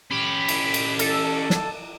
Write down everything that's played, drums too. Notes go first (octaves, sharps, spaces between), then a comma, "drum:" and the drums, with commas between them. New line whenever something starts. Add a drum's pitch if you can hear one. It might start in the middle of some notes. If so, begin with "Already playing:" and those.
C#4 G4 B5
drum: cymbal
drum: cymbal
A4, drum: cymbal
drum: snare